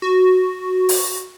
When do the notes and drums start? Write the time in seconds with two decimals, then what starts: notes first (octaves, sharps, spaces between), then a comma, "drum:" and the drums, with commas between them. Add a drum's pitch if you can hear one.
0.02 F#4
0.89 drum: open hi-hat